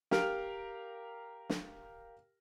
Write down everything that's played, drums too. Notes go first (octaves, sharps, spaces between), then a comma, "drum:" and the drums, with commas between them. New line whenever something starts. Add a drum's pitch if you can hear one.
G4 A#4 F5 F6 D7, drum: snare
drum: snare